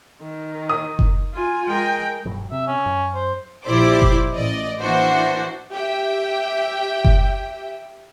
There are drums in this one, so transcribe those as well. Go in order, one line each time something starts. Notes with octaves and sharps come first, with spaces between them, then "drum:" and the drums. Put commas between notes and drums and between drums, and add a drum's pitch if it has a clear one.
D#3
D#6
drum: kick F#1
F4 G#5
G#3 A#4 G5
E1 G2 F#3
C3 E5
C#4
F#2
C5
A#1 E4 G4 C5 D5 D6
drum: kick F#1
A1 D5 D#5
E3 A#3 D4 F#4 C5
G4 E5 G5
drum: kick F#1